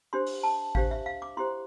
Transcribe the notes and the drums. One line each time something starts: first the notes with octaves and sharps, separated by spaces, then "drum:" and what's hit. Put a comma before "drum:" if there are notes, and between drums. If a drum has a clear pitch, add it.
D4 G4 C5 C6
drum: open hi-hat
A5
D4 G4 C5 F5, drum: kick G#1
E5
F5
D6
E4 G4 C5 C6